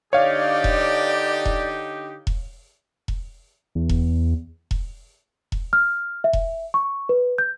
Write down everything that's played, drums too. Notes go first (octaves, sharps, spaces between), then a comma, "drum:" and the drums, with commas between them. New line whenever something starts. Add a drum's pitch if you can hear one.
D3 D#4 G4 C#5 D5 F5
drum: kick E1
drum: kick E1
drum: kick E1
drum: kick E1
E2
drum: kick E1
drum: kick E1
drum: kick E1
F6
E5
drum: kick E1
C#6
B4
G6